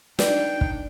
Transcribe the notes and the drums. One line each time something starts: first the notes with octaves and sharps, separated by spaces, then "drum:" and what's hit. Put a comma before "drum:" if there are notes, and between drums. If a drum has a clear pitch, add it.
D4 D#4 B4 D5 G5, drum: snare
drum: kick